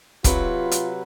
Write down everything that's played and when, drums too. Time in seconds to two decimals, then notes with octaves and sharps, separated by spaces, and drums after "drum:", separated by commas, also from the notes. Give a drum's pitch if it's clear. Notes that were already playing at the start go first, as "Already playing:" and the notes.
0.24 C3 F#3 F4 B4, drum: kick, hi-hat
0.71 drum: hi-hat